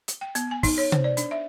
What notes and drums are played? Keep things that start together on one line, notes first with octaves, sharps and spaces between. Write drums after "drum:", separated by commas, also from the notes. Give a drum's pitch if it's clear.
drum: hi-hat
G5
B3, drum: hi-hat
G#5
D#4, drum: kick, open hi-hat
C#5
C5, drum: tom C3
D5
D4, drum: hi-hat
E5